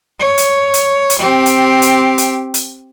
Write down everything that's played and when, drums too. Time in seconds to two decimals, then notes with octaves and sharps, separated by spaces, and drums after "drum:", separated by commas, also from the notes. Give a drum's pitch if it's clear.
0.20 C#5
0.38 drum: hi-hat
0.74 drum: hi-hat
1.10 drum: hi-hat
1.19 C4 G4
1.46 drum: hi-hat
1.82 drum: hi-hat
2.18 drum: hi-hat
2.54 drum: hi-hat